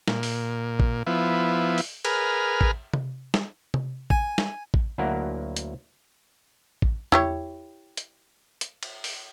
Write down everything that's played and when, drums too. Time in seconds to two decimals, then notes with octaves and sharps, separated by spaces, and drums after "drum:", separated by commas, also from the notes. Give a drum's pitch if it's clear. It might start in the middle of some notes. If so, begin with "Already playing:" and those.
0.08 A#2, drum: snare
0.23 drum: open hi-hat
0.80 drum: kick A1
1.06 F3 B3 E4
1.78 drum: open hi-hat
2.05 G#4 A#4 B4 F6, drum: cymbal
2.61 drum: kick A1
2.94 drum: tom C3
3.34 drum: snare
3.74 drum: tom C3
4.10 G#5, drum: kick A1
4.38 drum: snare
4.74 drum: kick A1
4.98 D2 F#3 A#3 E4 A#4 F#5
5.57 drum: hi-hat
6.82 drum: kick A1
7.12 E4 G4 C#5, drum: tom E2
7.97 drum: hi-hat
8.61 drum: hi-hat
8.83 drum: cymbal
9.04 drum: open hi-hat